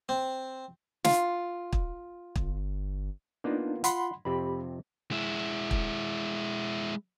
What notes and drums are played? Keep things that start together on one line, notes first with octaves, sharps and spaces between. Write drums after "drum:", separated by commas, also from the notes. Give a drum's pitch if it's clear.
C4
F4, drum: snare
drum: kick
G1, drum: kick
A#3 B3 D4 D#4 F4
F4 F#5 B5 C6, drum: hi-hat
F2 C3 C4 G4 B5
G#3 E4
drum: kick